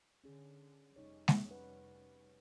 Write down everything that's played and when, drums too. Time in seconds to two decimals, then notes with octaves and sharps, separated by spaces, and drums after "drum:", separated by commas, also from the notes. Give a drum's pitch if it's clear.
0.24 D3 C#4 G#4
0.96 F1 G3 C#4 D#4 C#5
1.28 drum: snare G#3
1.51 B4 F#5